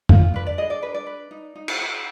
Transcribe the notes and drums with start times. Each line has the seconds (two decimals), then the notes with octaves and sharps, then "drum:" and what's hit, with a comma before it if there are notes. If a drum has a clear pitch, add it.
0.09 F4, drum: tom F2
0.34 D4 B4
0.47 D5
0.58 G#4 D#5
0.70 D5
0.82 D4 B4
0.94 D5
1.07 B4
1.31 D#4
1.55 D#4
1.68 drum: cymbal
1.79 D#4